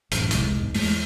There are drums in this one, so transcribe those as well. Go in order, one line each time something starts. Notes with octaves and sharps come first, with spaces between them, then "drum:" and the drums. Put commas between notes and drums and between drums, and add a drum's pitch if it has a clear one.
A1 F#2, drum: hi-hat
E1 C2 G#3, drum: hi-hat
E2 G#2
E2 G#3 A3, drum: open hi-hat